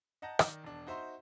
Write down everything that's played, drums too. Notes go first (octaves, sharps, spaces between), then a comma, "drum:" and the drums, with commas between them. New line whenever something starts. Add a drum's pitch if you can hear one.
D#5 F#5 A5 A#5 G6 A#6
D#3 D5, drum: rim click
E1 D4
D#4 F#4 C5 E5 A#5 C6